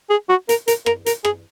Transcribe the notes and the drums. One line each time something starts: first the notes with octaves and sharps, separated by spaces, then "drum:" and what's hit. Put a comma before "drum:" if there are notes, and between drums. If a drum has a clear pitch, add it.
G#4
F#4
A#4, drum: hi-hat
A#4, drum: hi-hat
A#4, drum: rim click
A#4, drum: hi-hat
G#4, drum: rim click